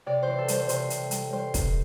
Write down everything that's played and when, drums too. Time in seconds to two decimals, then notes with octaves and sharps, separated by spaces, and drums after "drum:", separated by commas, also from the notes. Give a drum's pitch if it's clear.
0.06 C3 D5
0.23 E3 C5
0.39 A4
0.48 G3, drum: hi-hat
0.54 C5
0.69 C3 C5, drum: hi-hat
0.90 C3, drum: hi-hat
1.11 G3, drum: hi-hat
1.32 G3 C5
1.54 C3, drum: kick, hi-hat